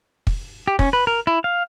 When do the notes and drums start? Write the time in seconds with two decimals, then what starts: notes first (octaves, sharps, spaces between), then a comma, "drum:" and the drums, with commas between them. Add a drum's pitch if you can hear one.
0.27 drum: kick
0.68 G4
0.79 C#4, drum: kick
0.93 B4
1.07 A#4
1.27 E4
1.44 F5